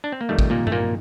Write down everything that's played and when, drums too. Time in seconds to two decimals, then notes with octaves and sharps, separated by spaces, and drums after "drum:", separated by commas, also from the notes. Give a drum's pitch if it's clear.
0.04 D4
0.12 C4
0.21 A#3
0.29 F2 D#3 G3 A3
0.39 drum: kick
0.50 A#2 A#3
0.67 A3, drum: tom G2
0.72 A#2 A#3